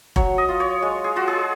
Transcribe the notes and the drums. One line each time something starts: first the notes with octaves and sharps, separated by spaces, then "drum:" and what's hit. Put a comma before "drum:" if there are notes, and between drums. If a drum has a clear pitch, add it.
F#3 C#5, drum: kick F1
D#5
F4
C#5
G#3
G#4
F4 F#4
G#4